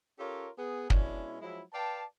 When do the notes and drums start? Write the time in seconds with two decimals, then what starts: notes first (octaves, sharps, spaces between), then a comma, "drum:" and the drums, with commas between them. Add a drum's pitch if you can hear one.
0.19 C#4 F4 G4 A4 A#4 C#5
0.59 B3 G#4
0.90 B2 G#3 C#4 D4 E4, drum: kick
1.42 F3 F#3 G#3 E4
1.73 B4 D5 F5 G5 A5